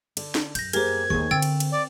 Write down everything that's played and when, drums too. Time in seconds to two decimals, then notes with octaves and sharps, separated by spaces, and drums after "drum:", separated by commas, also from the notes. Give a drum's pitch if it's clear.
0.17 D3, drum: cymbal
0.35 drum: snare D4
0.55 F#2 G6 A#6, drum: cymbal
0.73 A#3 G4 G#4 A#4 C5 G#6, drum: cymbal
1.10 D#2 A3 G#4 C#6
1.31 D3 C4 G5 E6 A6
1.42 drum: cymbal
1.60 drum: cymbal
1.71 D5